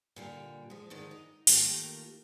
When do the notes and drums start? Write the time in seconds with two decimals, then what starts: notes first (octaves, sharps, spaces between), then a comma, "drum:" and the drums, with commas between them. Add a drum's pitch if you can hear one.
0.16 A#2 D3 G3
0.70 F3 G#3
0.90 F2 D3 D#3 G#3
1.11 D#4
1.47 D#3 A3 A#3 F4 G4, drum: open hi-hat